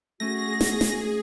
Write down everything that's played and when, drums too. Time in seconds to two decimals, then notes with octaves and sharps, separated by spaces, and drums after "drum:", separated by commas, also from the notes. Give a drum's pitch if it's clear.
0.20 A3 C#4 F#4 G#4 A#6
0.61 drum: snare
0.81 drum: snare